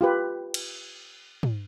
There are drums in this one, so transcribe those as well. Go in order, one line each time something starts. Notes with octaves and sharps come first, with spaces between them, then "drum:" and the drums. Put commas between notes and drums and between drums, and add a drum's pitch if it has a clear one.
F4 G4 B4
drum: cymbal
drum: tom